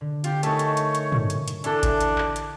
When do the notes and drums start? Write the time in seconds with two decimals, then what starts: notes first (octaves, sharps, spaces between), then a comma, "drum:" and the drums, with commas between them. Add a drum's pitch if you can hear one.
0.01 D3
0.24 F4 G4, drum: hi-hat
0.43 A3 D#4 A#4 C#5 G#5, drum: hi-hat
0.59 drum: hi-hat
0.77 drum: hi-hat
0.95 drum: hi-hat
1.12 drum: tom
1.30 drum: hi-hat
1.48 drum: hi-hat
1.64 E3 D4 A4, drum: hi-hat
1.83 drum: kick G#1, hi-hat
2.01 drum: hi-hat
2.18 drum: clap
2.36 drum: hi-hat